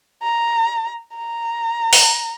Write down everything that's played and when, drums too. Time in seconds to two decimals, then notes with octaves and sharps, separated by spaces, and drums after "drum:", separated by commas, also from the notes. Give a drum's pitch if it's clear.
0.23 A#5
1.16 A#5
1.93 drum: open hi-hat